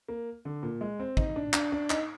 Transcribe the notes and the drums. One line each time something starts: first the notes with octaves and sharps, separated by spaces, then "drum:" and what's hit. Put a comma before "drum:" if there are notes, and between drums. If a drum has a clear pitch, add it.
A#3
D3
A#2
G#3
C4
D#4, drum: kick
D4
D4, drum: clap
D4
D#4, drum: clap